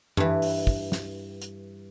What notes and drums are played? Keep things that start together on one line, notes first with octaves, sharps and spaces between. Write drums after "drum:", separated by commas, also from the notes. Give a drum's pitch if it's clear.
G2 E3, drum: tom F#2
drum: open hi-hat
drum: kick
drum: snare
drum: hi-hat